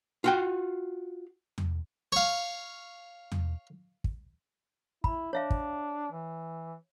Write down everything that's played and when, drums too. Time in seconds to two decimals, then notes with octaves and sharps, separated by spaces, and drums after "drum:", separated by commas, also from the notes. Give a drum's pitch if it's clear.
0.24 F4 F#4 G5
1.58 drum: tom E2
2.12 C#5 F5
3.32 drum: tom E2
4.04 drum: kick
5.04 E4 B5, drum: kick
5.33 D4 C#5 E5 F5
5.50 drum: kick
6.12 E3